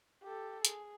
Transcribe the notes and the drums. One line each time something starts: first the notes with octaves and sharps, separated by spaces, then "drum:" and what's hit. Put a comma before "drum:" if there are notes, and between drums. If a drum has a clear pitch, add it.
G4 A4
G#4, drum: hi-hat